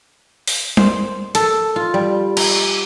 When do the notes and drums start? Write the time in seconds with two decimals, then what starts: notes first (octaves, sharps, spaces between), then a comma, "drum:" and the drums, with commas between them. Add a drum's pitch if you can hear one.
0.48 drum: open hi-hat
0.77 C5, drum: tom G3
1.35 A4, drum: hi-hat
1.76 F4
1.94 G3
2.37 A#5, drum: cymbal